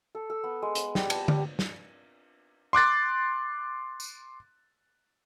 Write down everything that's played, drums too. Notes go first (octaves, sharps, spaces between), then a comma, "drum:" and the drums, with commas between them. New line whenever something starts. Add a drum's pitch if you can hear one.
A4
A4
B3
G#3
B3, drum: hi-hat
G3, drum: snare
A5, drum: cymbal
G4, drum: tom D3
drum: snare
C6 D6 F#6 A6
drum: tambourine